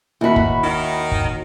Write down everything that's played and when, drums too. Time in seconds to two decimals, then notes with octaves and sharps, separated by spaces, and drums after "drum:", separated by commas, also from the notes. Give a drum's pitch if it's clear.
0.21 D#2 E4 F#4 B5
0.36 drum: kick
0.63 D#3
1.11 drum: kick